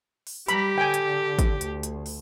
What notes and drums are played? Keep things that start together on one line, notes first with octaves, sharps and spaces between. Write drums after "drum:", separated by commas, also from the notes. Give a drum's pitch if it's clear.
drum: open hi-hat
G3 G4 A#5 B5, drum: hi-hat
D3 G5 G#5
drum: hi-hat
drum: kick G#1, hi-hat
D2, drum: hi-hat
drum: hi-hat
drum: open hi-hat